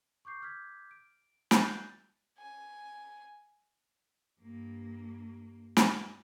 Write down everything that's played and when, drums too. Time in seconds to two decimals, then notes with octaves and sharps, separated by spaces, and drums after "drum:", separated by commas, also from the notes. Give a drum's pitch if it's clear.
0.25 C#6 D6 G6 C7
0.41 D6 F6 G6 G#6 B6
0.91 D7
1.51 F#6 G6 A6 C7, drum: snare
2.38 G#5
4.41 G2 A#3
5.77 drum: snare